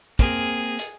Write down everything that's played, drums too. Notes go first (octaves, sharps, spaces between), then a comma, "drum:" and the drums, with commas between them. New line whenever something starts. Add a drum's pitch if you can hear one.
A#3 C4 G#4, drum: kick, hi-hat
drum: hi-hat